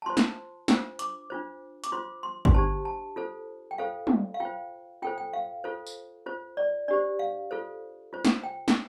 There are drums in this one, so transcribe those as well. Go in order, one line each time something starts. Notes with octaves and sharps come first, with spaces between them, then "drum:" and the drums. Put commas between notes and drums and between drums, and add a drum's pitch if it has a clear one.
A5
F4 C5 C6
drum: snare
D4 F4 C5, drum: snare
D6, drum: hi-hat
D4 F4 C5
D6, drum: hi-hat
F4 C5 C6
C6
C6, drum: kick G1
D4 G4 C5 A5
A5
F4 A4 C5
G5
F4 A4 C5 F5
drum: tom
F5
F4 C5 G5
F4 A4 C5 G5
G5
F5
F4 A4 C5
drum: tambourine
F4 C5
D5
D4 G4 C5 D5
F5
F4 A4 C5
F4 C5
drum: snare
G5
drum: snare